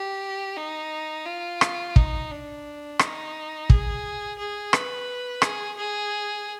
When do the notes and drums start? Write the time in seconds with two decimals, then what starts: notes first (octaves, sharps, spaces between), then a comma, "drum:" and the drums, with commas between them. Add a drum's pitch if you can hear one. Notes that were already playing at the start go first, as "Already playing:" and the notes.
Already playing: G4
0.57 D#4
1.26 F4
1.61 drum: rim click
1.96 D#4, drum: kick
2.31 D4
2.99 D#4, drum: rim click
3.70 G#4, drum: kick
4.38 G#4
4.73 B4, drum: rim click
5.42 G#4, drum: rim click
5.77 G#4